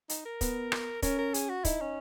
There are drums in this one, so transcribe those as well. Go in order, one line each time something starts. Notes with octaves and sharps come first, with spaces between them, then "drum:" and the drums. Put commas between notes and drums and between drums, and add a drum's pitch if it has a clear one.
D#4, drum: hi-hat
A#4
B3, drum: kick, hi-hat
drum: rim click
C#4 A#4, drum: kick, hi-hat
A#4
G#4, drum: hi-hat
F#4
D#4 E4, drum: kick, hi-hat
C#4